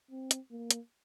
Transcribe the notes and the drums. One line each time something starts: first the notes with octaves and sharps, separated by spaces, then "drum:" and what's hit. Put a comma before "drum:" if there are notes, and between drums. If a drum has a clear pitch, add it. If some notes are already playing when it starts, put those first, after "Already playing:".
C4
drum: hi-hat
A#3
drum: hi-hat